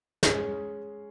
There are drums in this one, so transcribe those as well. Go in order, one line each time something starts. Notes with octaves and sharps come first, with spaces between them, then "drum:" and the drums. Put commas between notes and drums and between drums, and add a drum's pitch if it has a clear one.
G#3 C#4 G#4, drum: snare